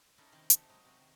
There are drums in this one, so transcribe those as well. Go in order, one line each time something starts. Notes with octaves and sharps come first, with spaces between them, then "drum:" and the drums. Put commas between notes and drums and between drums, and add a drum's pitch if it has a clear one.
C#4 D#4 E4 A4 A#4 D5
C3 D#3 A#3 C5 G5 A5
A3 D#4 G4 A4 F#5, drum: hi-hat
F#3 G#3 D#4
C3 F#4
D#3